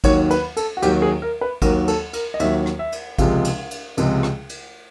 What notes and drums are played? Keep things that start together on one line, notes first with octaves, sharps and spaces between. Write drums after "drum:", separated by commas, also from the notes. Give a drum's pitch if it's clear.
D#2 D#3 F#3 C#5, drum: kick A1, cymbal
B4, drum: cymbal
A4, drum: cymbal
F#4
D#2 D#3 F#3 G4, drum: cymbal
G#4
A#4
B4
D#2 D#3 F#3 A#4, drum: kick A1, cymbal
A4, drum: cymbal
A#4, drum: cymbal
D#5
D#2 D#3 F#3 E5, drum: cymbal
drum: rim click
E5
drum: cymbal
C#2 C3 F3 G#3 F5, drum: kick A1, cymbal
drum: cymbal
drum: cymbal
C#2 C3 F3 G#3, drum: cymbal
drum: rim click
drum: cymbal